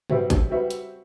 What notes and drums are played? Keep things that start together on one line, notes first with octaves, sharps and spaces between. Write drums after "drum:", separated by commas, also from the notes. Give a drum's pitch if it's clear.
G3 C4 F#4 B4 E5, drum: tom G2
drum: kick, hi-hat
G3 C4 F#4 B4 E5
drum: hi-hat